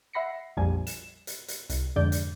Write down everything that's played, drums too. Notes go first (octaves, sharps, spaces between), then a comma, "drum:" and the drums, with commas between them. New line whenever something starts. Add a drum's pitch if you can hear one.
E5 F#5 B5 A#6 C7 C#7
A#1 F2 F3 G3 G#5
E7, drum: hi-hat
drum: hi-hat
drum: hi-hat
C2, drum: hi-hat
F2 G#2 D3 D5 G6
drum: hi-hat